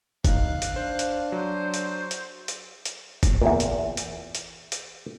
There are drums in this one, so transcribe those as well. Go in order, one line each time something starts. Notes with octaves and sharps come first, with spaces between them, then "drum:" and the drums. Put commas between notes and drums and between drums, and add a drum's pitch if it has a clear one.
D#4 F5 F#6, drum: kick, hi-hat
drum: hi-hat
D4 C5
drum: hi-hat
F#3 C5
drum: hi-hat
drum: hi-hat
drum: hi-hat
drum: hi-hat
drum: kick, hi-hat
E2 A#2
drum: hi-hat
drum: hi-hat
drum: hi-hat
drum: hi-hat